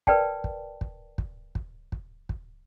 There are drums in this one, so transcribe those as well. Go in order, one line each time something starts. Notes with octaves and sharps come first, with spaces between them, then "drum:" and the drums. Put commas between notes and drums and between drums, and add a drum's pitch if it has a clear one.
A#4 B4 D5 G5 A5, drum: kick
drum: kick
drum: kick
drum: kick
drum: kick
drum: kick
drum: kick